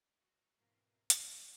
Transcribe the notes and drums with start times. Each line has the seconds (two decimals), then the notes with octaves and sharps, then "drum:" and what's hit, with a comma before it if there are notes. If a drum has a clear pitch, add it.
0.19 F#4
0.58 G#2 B2 E3 C4 A#4 F5
1.10 F3 F#3 D#4, drum: hi-hat